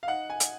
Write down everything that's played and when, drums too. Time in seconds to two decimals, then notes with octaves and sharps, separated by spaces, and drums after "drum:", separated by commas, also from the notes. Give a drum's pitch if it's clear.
0.03 F5
0.07 D#4 F#5
0.30 G#5
0.40 drum: hi-hat